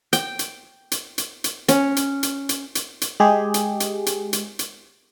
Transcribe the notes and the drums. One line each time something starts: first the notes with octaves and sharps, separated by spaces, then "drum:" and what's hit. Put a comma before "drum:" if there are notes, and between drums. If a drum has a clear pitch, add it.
G5, drum: hi-hat
drum: hi-hat
drum: hi-hat
drum: hi-hat
drum: hi-hat
C#4, drum: hi-hat
drum: hi-hat
drum: hi-hat
drum: hi-hat
drum: hi-hat
drum: hi-hat
G#3 G4 G#4
drum: hi-hat
drum: hi-hat
drum: hi-hat
drum: hi-hat
drum: hi-hat